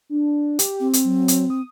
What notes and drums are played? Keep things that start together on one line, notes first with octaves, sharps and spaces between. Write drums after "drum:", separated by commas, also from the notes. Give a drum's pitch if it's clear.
D4
G4, drum: hi-hat
C4
drum: hi-hat
F#3
drum: hi-hat
D#6